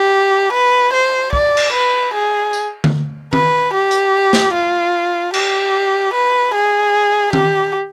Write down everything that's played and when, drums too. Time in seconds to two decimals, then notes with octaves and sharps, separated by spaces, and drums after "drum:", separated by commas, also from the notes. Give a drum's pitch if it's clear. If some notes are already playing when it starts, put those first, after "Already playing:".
Already playing: G4
0.53 B4
0.93 C5
1.33 D5, drum: kick
1.57 drum: cymbal
1.73 B4
2.14 G#4
2.53 drum: tambourine
2.84 drum: tom D3
3.33 B4, drum: tom D#3
3.74 G4
3.91 drum: hi-hat
4.33 drum: snare
4.53 F4
5.34 G4, drum: cymbal
6.14 B4
6.54 G#4
7.33 G4, drum: tom D#3